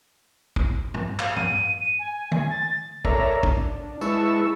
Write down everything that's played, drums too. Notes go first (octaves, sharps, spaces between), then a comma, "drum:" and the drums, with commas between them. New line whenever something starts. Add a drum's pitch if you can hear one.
drum: kick
drum: tom
F5, drum: clap
D#7, drum: tom
D#7
G#5
G#5, drum: tom
A6
A6
A4 A#4 C#5 D5 E5 A#5, drum: kick
D4, drum: kick
G#3 E4 B4 A5 C#6 E6, drum: tambourine